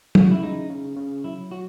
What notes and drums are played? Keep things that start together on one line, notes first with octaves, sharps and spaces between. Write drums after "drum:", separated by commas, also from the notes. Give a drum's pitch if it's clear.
C#3, drum: tom F#3
F#4
E4
C#3 D#4
C#3
C#3
F#3 E4
F#3 F#4